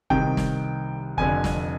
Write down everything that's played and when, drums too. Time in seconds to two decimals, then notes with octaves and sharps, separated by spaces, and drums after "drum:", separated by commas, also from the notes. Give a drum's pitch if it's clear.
0.10 C2 C3 D#3 G5, drum: kick
0.37 drum: snare
1.17 F1 F2 D3 G#5, drum: kick
1.44 drum: snare